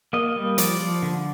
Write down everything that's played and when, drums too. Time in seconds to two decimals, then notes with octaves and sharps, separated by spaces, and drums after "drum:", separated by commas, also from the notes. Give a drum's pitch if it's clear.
0.13 A#3 D#5
0.36 G3
0.58 F3 D5, drum: hi-hat
0.80 F3
1.02 D3